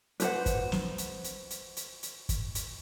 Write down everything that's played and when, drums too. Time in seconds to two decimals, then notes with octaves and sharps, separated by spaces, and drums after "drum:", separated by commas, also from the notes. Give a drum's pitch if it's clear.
0.20 B4 C5 F#5, drum: hi-hat
0.46 drum: kick, hi-hat
0.72 drum: snare
0.98 drum: hi-hat
1.24 drum: hi-hat
1.50 drum: hi-hat
1.77 drum: hi-hat
2.03 drum: hi-hat
2.29 drum: kick, hi-hat
2.55 drum: hi-hat